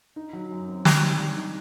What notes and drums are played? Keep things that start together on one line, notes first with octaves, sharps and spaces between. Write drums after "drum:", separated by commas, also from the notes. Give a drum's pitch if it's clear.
D#4
F#3
F#2
C4
D#3, drum: snare
G3
G3
D#4